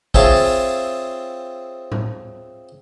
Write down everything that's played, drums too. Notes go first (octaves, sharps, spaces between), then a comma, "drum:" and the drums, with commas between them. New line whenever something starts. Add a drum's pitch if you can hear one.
C4 F4 G#4 C#5 E5 A5, drum: kick
drum: open hi-hat
drum: tom A2